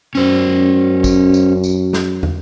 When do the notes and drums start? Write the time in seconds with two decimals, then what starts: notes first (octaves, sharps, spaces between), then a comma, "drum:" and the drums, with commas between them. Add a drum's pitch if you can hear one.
0.15 F#2 C#4 C5
1.04 drum: kick, tambourine
1.34 drum: tambourine
1.64 drum: tambourine
1.93 drum: snare
2.23 drum: tom